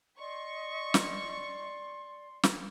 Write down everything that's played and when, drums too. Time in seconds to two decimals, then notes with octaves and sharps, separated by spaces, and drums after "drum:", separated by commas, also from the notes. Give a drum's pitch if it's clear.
0.19 D5 D#5 C6 C#6
0.94 drum: snare
2.43 drum: snare